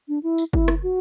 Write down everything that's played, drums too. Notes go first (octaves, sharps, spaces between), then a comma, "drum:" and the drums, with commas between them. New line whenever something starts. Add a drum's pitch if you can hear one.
D4
E4
drum: tambourine
E4, drum: kick
drum: rim click
F#4